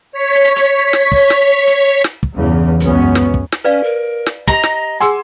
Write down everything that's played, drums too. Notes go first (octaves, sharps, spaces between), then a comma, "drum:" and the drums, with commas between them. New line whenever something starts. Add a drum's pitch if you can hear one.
C#5 B6
drum: hi-hat
drum: snare
drum: kick
drum: snare
drum: hi-hat
drum: snare
drum: kick
E2 G2 C#3 E3
C#2 F#2 B3 C#4, drum: hi-hat
drum: snare
drum: kick
drum: snare
C#4 B4 D5 F5
A#4
drum: snare
G4 D#5 A#5, drum: kick
drum: snare
G#4 F#5 G#5 C6 E6, drum: hi-hat